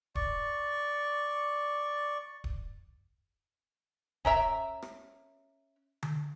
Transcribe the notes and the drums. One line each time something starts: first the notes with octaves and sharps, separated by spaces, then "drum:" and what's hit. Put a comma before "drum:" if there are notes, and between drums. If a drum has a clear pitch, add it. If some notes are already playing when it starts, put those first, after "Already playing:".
D5 C#6, drum: kick D1
drum: kick D1
C#4 A#4 E5 A#5, drum: kick D1
drum: rim click
drum: tom D3